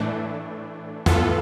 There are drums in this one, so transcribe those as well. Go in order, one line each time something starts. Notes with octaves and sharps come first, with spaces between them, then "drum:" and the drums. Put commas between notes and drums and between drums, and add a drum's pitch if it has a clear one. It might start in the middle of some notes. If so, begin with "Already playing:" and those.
Already playing: A2 E3 A3 D4
A2 E3 B3 F4 A4, drum: tom